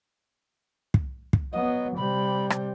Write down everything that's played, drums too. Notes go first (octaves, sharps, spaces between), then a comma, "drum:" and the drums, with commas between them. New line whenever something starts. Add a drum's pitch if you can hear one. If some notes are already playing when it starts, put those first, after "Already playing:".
drum: kick
drum: kick
F#3 B3 D#5
C3 G3 B5
drum: rim click